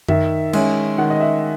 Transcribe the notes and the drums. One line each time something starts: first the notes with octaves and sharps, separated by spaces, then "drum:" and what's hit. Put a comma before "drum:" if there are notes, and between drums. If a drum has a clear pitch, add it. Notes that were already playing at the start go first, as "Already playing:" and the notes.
D#3 E5, drum: tom F#2
G#3 C#4 E5, drum: cymbal
D#3 F#5
D#5
E5